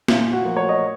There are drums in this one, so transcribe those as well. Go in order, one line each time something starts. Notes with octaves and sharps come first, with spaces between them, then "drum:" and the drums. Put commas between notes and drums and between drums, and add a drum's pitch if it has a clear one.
A#2 F4, drum: snare
F#4
F3 A#3
C#5
D#5